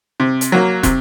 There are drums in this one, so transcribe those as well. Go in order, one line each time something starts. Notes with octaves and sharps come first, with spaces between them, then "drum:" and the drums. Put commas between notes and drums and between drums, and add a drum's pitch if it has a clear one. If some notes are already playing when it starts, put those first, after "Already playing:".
C3
drum: hi-hat
F#3 A#3
C3, drum: kick, hi-hat